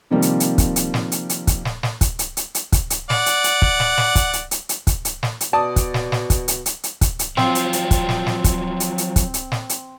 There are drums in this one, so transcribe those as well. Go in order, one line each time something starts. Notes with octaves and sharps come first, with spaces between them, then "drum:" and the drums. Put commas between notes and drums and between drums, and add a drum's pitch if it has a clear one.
C3 D#3 F3 G3 A#3 C4
drum: hi-hat
drum: hi-hat
drum: kick, hi-hat
drum: hi-hat
drum: snare
drum: hi-hat
drum: hi-hat
drum: kick, hi-hat
drum: snare
drum: snare
drum: kick, hi-hat
drum: hi-hat
drum: hi-hat
drum: hi-hat
drum: kick, hi-hat
drum: hi-hat
D5 F#5, drum: snare
drum: hi-hat
drum: hi-hat
drum: kick
drum: snare
drum: snare
drum: kick, hi-hat
drum: hi-hat
drum: hi-hat
drum: hi-hat
drum: kick, hi-hat
drum: hi-hat
drum: snare
drum: hi-hat
B2 D5 A5 D#6
drum: kick, hi-hat
drum: snare
drum: snare
drum: kick, hi-hat
drum: hi-hat
drum: hi-hat
drum: hi-hat
drum: kick, hi-hat
drum: hi-hat
F3 F#3 C4 F4, drum: snare
drum: hi-hat
drum: hi-hat
drum: kick, hi-hat
drum: snare
drum: snare
drum: kick, hi-hat
drum: hi-hat
drum: hi-hat
drum: kick, hi-hat
drum: hi-hat
drum: snare
drum: hi-hat